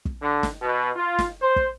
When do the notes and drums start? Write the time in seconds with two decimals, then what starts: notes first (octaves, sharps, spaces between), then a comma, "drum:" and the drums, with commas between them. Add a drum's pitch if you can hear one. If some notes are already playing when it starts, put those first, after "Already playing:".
0.05 drum: kick
0.22 D3
0.43 drum: snare
0.62 B2
0.95 F4
1.19 drum: snare
1.42 C5
1.56 drum: kick